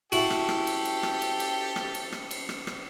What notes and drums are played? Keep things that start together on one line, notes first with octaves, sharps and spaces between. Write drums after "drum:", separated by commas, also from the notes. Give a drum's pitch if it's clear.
E4 F#4 G4 A4, drum: cymbal
drum: rim click
drum: rim click
drum: cymbal
drum: cymbal
drum: rim click
drum: cymbal
drum: cymbal
drum: rim click
drum: cymbal
drum: rim click
drum: cymbal
drum: rim click
drum: rim click